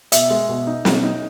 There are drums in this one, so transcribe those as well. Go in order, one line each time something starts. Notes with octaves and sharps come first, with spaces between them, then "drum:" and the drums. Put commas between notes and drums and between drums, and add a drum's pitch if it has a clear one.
B2 E5, drum: hi-hat
G#3
B2
D#4
B2, drum: snare
D#4